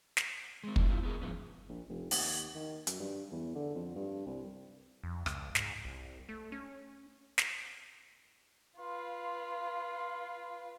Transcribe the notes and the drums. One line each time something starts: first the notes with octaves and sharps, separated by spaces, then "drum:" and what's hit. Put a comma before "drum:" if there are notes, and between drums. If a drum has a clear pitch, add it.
drum: snare
G#3 C4
A2 E3 F3 C4 D4 E4, drum: kick
C4 E4 F4
B3 G#4 A#4
G2 A#2 D3 F3 B3 C#4
A#1
F1
D#2, drum: open hi-hat
D#3
F#2, drum: hi-hat
G2
E2
D3
F2
G2
C2
F2
C#2, drum: rim click
G#2, drum: snare
C2
A3
C#4
drum: snare
F4 B4 F5 C6